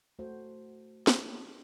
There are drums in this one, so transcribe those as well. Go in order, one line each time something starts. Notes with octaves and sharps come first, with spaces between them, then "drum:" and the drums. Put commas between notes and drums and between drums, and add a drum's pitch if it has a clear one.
A3 F#4 C5
drum: snare